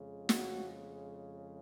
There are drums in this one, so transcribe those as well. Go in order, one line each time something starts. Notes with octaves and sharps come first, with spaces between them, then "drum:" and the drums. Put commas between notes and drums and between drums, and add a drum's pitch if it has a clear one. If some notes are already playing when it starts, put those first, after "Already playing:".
Already playing: F2 C#3 G#3
F#4, drum: snare